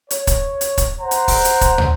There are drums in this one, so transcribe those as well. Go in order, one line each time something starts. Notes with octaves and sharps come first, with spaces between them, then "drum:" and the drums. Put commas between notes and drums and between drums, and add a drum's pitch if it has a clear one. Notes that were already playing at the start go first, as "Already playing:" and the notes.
C#5, drum: hi-hat
drum: kick, hi-hat
drum: hi-hat
drum: kick, hi-hat
C5 F#5 A#5
drum: hi-hat
drum: kick, open hi-hat
drum: hi-hat
drum: kick, hi-hat
drum: tom